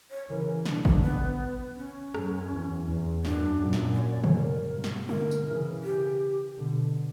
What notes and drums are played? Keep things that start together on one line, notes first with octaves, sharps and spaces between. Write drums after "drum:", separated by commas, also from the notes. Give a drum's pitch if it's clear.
C#5
C#3 E3 A#4
B2 D3 D4, drum: snare
D4, drum: kick G#1
B3
C#4
F#2, drum: rim click
E2
E2
F#2 D4, drum: snare
F#2 A#2
drum: snare
D5
C#5
D5
C#5, drum: tom C3
A#4
G2 B2
drum: snare
B2 D3 A#4, drum: tom G3
drum: tambourine
C#3 E3
G4
B2 D3